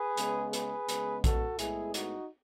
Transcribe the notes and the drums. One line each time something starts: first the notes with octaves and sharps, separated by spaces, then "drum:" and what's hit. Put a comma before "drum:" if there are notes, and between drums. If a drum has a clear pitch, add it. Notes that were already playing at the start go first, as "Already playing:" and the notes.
Already playing: G#4 B4
C#3 G#3 B3, drum: hi-hat
G#4 B4, drum: hi-hat
C#3 G#3 B3, drum: hi-hat
F#4 A4, drum: kick A#1, hi-hat
A2 G#3 B3 E4 G#4, drum: hi-hat
D#4 F#4, drum: hi-hat